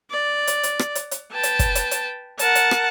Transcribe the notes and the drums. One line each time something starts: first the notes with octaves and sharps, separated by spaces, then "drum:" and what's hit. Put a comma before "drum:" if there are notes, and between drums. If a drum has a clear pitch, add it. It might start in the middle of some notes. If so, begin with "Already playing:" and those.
D5
drum: hi-hat
drum: hi-hat
drum: rim click
drum: hi-hat
drum: hi-hat
B4 G5 A5
drum: hi-hat
drum: kick, hi-hat
drum: hi-hat
drum: hi-hat
A#4 F#5 A5, drum: hi-hat
drum: hi-hat
drum: rim click